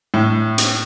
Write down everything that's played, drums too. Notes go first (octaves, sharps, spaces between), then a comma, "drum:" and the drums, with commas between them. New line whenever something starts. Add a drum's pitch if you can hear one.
A2
drum: hi-hat